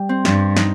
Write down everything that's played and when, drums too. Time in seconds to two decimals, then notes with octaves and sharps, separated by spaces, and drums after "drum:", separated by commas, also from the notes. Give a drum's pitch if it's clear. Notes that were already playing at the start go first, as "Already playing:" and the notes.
Already playing: G3
0.09 C4
0.25 G2, drum: snare
0.57 D#4, drum: snare